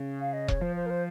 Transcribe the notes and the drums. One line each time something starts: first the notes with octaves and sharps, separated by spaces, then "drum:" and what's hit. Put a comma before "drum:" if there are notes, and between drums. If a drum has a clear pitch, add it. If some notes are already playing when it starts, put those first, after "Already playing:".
Already playing: C#3
F5
D#5
C#5, drum: kick E1
F3 C5
C5
A#4
C5